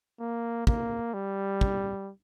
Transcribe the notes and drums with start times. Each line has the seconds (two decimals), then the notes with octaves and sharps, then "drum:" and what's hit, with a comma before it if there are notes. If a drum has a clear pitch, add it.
0.20 A#3
0.67 A#3, drum: kick
1.14 G3
1.61 drum: kick